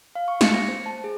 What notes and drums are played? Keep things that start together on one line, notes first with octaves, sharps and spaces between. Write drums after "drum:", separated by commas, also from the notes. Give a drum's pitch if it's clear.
F5
C#6
C#7, drum: snare
A#6
C5
A5
G#4